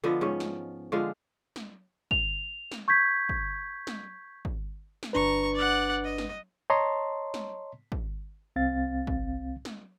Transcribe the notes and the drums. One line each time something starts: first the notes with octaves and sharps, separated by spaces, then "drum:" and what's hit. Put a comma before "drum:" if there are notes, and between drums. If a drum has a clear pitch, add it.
D3 F3 B3 D#5
G#2 C#4
drum: snare
D3 F3 G#3 F4
drum: snare
F7, drum: kick
drum: snare
C#6 G6 G#6 B6
drum: kick
drum: snare
drum: kick
drum: snare
G1 D4 B4 A#5 C#6
D5 F#5
D#5
drum: snare
C#5 D#5 A5 A#5 C6
drum: snare
drum: kick
C2 C4 F5 A6
drum: kick
drum: snare